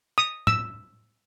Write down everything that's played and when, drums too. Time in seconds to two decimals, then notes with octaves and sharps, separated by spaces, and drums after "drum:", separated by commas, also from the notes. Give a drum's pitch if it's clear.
0.18 D#6
0.47 E6, drum: tom